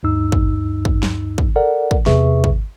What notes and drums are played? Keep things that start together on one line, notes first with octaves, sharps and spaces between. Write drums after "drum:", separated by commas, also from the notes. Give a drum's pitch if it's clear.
D2 G2 D#4 E6
drum: kick
drum: kick
drum: snare
drum: kick
A4 A#4 D5 F#5
drum: kick
E2 C3 G#4 B4 E5 C#6, drum: snare
drum: kick